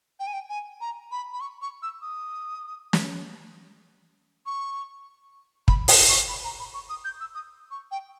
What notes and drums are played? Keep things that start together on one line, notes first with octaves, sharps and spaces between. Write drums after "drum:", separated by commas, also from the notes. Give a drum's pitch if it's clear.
G5
G#5
G5
G#5
A#5
B5
B5
C#6
C#6
E6
D#6
drum: snare
C#6
B5, drum: kick
D#6, drum: open hi-hat
C#6
B5
A#5
B5
C#6
D#6
G6
E6
D#6
C#6
G5